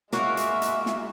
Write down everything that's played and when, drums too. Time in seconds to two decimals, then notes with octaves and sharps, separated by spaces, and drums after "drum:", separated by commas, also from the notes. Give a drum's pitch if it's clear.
0.13 G#3 A#3 F#4 E5, drum: snare
0.37 drum: hi-hat
0.62 drum: hi-hat
0.86 drum: snare